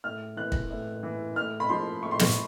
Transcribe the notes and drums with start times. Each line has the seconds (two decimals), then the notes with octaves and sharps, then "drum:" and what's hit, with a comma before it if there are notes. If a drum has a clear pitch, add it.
0.04 A2 F6
0.36 E3 F#6
0.52 drum: kick
0.70 A2
1.03 E3
1.36 A2 F6
1.60 B5
1.69 F3 C6
2.02 A2 C#6
2.11 C6
2.20 C#6, drum: snare